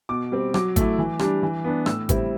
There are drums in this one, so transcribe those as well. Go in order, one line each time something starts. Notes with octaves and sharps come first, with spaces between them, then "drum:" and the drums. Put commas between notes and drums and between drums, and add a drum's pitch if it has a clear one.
B2 D6
G3 C4
F#3 D6, drum: rim click
A3 E4, drum: kick G#1, hi-hat
E3
G3 D4, drum: rim click
E3
B3 D4
A2 E6, drum: rim click
G3 C4 E4, drum: kick G#1, hi-hat